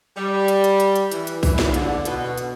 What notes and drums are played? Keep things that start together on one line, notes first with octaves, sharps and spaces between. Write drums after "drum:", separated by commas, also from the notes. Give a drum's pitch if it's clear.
G3
drum: hi-hat
drum: hi-hat
drum: hi-hat
drum: hi-hat
E3, drum: hi-hat
drum: hi-hat
E3, drum: kick, open hi-hat
drum: snare
D3, drum: hi-hat
B2, drum: hi-hat
drum: hi-hat